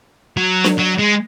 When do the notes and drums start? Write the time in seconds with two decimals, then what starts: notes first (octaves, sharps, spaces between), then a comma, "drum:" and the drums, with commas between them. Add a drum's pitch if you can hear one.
0.37 F#3
0.64 drum: snare D4
0.78 F#3
0.99 G#3